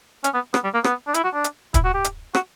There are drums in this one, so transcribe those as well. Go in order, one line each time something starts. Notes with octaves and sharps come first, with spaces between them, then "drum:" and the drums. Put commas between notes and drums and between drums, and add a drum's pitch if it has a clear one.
C#4, drum: hi-hat
B3
B3, drum: rim click
G3
A#3
B3, drum: rim click
D4
E4, drum: hi-hat
F#4
D4
drum: hi-hat
E4, drum: kick, hi-hat
F#4
G4
drum: hi-hat
F#4, drum: rim click